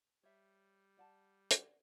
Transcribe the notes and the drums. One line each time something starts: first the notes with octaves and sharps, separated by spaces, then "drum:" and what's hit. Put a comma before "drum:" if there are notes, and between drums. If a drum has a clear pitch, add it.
G3 C#5 E5
D5 F#5 A5
D5 F#5, drum: hi-hat